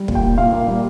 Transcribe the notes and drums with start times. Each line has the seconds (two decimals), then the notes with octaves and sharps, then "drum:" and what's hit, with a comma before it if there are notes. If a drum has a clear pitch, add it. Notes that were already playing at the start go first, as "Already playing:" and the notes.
Already playing: G3
0.08 A#2, drum: kick
0.15 G5
0.23 A#2
0.38 A#2 F5
0.52 A#3
0.67 G3